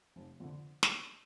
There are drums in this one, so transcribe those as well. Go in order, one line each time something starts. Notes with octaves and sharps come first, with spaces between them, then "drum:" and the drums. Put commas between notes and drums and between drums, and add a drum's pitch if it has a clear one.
F1
F2 D3
drum: snare